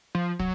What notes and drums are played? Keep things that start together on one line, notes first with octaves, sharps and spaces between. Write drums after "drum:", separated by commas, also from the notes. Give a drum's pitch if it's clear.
F3
F#3, drum: kick